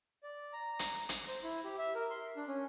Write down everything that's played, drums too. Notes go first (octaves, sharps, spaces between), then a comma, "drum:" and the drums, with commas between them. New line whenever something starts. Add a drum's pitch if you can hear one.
D5
A#5
drum: hi-hat
drum: hi-hat
C5
E4
G4
E5
A#4
C6
D4
C#4